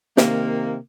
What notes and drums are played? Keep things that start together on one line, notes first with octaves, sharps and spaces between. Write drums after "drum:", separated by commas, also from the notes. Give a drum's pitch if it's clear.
C3 D#3 A#3, drum: snare